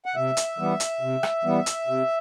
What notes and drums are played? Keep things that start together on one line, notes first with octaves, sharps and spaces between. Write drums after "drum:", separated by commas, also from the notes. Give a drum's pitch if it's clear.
F#5
C3 E5
drum: hi-hat
E3 G3 B3
drum: hi-hat
C3
drum: rim click
E3 G3 B3
drum: hi-hat
C3